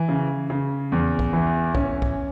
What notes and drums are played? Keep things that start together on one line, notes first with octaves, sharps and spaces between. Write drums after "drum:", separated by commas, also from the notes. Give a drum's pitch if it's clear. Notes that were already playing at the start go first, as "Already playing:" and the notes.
Already playing: E3
C#3
C#3
E2
drum: kick
E3
C#4, drum: kick
drum: kick